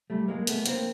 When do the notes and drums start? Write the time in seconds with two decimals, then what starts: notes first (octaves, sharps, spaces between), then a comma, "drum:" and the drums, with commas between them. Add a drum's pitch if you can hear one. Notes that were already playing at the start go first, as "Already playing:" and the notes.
0.10 G3 A3
0.28 G#3 A#3
0.47 A3 B3, drum: hi-hat
0.66 A#3 C4, drum: hi-hat